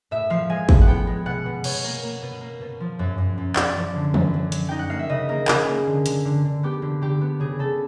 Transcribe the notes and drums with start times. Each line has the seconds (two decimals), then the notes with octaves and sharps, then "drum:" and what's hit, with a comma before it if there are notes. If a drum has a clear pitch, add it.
0.11 A2 E5
0.30 F3 F5
0.50 G#3 G#5
0.69 A2, drum: kick
0.81 F#5
0.87 B3 G5
1.07 G#3
1.26 B2 F#5
1.46 B2
1.64 B2 C#5, drum: cymbal
1.84 A#3
2.03 A#3
2.22 B2
2.41 A#3
2.61 B2
2.80 F3
2.99 F#2
3.18 F#2
3.38 F#2
3.56 F#2 D5, drum: clap
3.76 F3
3.95 D3
4.14 F#2, drum: tom
4.34 F#3
4.52 F#3, drum: hi-hat
4.69 D#4 G5
4.79 F#5
4.90 A#3 F5
4.99 E5
5.10 C#3 D#5
5.29 A#3 A#4
5.48 C#3 G#4, drum: clap
5.68 A#3
5.87 D3
6.06 D3, drum: hi-hat
6.25 D3
6.45 D3
6.63 B3 G4
6.82 D3
7.02 D3 G4
7.21 B3
7.40 C#3 G#4
7.59 C#3 A4